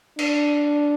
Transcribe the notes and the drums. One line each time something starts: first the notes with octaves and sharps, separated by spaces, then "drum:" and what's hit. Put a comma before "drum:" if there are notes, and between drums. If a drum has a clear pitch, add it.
D4, drum: cymbal